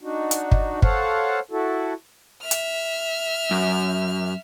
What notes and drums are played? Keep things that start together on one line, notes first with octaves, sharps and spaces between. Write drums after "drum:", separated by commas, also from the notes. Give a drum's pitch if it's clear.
D4 D#4 F#4
drum: hi-hat
drum: kick
A4 C5 C#5 F5 F#5, drum: kick
E4 F#4 A4
E5 F6
drum: hi-hat
F#2